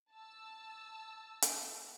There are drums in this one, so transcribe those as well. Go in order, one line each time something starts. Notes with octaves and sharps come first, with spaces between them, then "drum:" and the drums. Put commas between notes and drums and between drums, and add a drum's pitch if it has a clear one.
A5 E6
drum: hi-hat